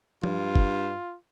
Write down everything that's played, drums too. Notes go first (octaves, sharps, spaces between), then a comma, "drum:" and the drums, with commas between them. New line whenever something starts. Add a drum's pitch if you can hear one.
G2 F4, drum: tom F3
drum: kick